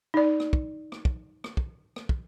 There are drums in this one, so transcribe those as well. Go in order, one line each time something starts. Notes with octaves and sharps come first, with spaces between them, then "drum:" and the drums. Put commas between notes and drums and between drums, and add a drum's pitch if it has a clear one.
D#4 D5
drum: rim click
drum: kick
drum: rim click
drum: kick
drum: rim click
drum: kick
drum: rim click
drum: kick